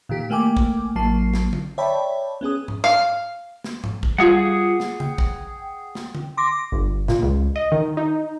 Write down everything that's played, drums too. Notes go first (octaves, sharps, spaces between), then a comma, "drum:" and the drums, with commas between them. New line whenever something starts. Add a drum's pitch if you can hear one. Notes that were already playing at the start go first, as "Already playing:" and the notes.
A#2 D#3 G4 B6
A3 A#3 G5 G#5 D6
drum: kick A#1
A1 F#3 A#3 A5 C7
drum: snare
drum: tom D3
C#5 D5 E5 G5 A5 B5
B3 C#4 G#4 D#6
drum: tom G#2
F5
drum: snare
drum: tom G#2
drum: kick A#1
G3 F4 G#4 F#5
drum: snare
G5, drum: tom C#3
drum: kick A#1
drum: snare
drum: tom D3
C6 D6 A#6
G1
A#2, drum: snare
C#2
D#5
D#3
D#4